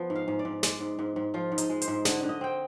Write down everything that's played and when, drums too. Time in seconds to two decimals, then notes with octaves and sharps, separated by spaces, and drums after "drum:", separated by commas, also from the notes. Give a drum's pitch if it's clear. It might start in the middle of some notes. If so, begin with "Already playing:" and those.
Already playing: F3 B3
0.10 G#2
0.16 F5
0.28 G#2
0.39 D5
0.45 G#2
0.63 G#3 D5, drum: snare
0.80 G#2
0.99 G#2
1.16 G#2
1.34 F3 F4
1.52 G#2
1.58 D#4, drum: hi-hat
1.69 G#3
1.82 C5, drum: hi-hat
1.88 G#2
2.05 D3 D#5, drum: snare
2.23 D3
2.29 D#5
2.41 C4 G5